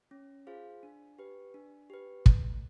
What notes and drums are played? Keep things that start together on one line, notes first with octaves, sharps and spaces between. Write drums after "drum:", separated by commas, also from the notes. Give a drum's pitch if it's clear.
C#4
F4 G#4 C5 F5
D4
G4 B4
D4
G4 B4
A3, drum: kick